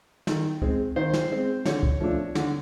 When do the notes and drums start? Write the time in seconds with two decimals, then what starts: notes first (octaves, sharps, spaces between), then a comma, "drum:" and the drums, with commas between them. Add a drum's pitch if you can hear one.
0.27 D#3, drum: snare
0.62 G#3 C4, drum: kick
0.96 D#3 C5
1.13 drum: snare
1.31 G#3 C4
1.65 D3 C#5, drum: snare
1.83 drum: kick
2.00 F3 A3 D4
2.35 D3, drum: snare